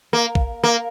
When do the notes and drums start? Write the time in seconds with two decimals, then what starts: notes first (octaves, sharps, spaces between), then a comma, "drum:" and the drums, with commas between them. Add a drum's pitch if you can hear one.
0.13 A#3
0.35 drum: kick
0.64 A#3